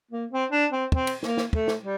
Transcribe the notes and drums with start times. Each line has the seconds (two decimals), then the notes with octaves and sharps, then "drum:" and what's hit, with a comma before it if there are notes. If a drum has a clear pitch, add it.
0.11 A#3
0.31 C4
0.51 D4
0.71 C4
0.92 C4, drum: kick
1.07 drum: cymbal
1.23 A#3, drum: snare
1.37 drum: snare
1.53 A3, drum: kick
1.68 drum: snare
1.82 G3